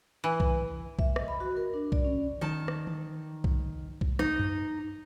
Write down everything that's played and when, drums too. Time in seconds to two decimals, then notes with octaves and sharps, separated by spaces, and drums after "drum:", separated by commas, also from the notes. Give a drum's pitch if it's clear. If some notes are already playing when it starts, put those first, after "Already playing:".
0.24 E3
0.40 drum: kick
0.99 E5, drum: kick
1.16 D#5, drum: rim click
1.28 B5
1.40 F#4
1.57 A#4
1.74 D4
1.92 D5, drum: kick
2.05 C#4
2.41 D#3 A5
2.68 drum: rim click
2.87 drum: tom D#3
3.44 drum: kick
4.01 drum: kick
4.19 D#4, drum: rim click
4.39 drum: tom F#2